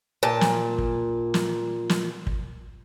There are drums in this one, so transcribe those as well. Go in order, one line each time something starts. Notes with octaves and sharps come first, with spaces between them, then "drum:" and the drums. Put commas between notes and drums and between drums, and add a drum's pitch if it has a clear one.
A#2 A5
drum: snare
drum: kick
drum: snare
drum: snare
drum: kick